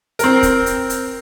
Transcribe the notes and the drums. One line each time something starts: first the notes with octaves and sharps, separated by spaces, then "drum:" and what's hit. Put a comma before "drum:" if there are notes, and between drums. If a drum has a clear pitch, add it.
C4 A#4, drum: hi-hat
drum: kick, hi-hat
drum: hi-hat
drum: hi-hat